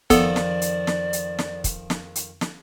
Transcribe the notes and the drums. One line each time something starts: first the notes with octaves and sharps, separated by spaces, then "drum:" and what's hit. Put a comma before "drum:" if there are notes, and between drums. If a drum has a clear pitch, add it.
F2 D#3 F3 B3 A4 D5, drum: kick, hi-hat
drum: snare
drum: hi-hat
drum: snare
drum: hi-hat
drum: snare
drum: kick, hi-hat
drum: snare
drum: hi-hat
drum: snare